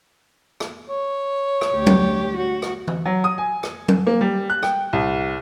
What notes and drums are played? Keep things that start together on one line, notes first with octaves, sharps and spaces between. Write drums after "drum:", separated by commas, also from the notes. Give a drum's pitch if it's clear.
drum: rim click
C#5
drum: rim click
D2 G4
drum: tom F#3
F#4
drum: rim click
drum: tom E3
F#3
D#6
G#5
drum: rim click
drum: tom F#3
A#3
G3
F#6
G5, drum: rim click
C2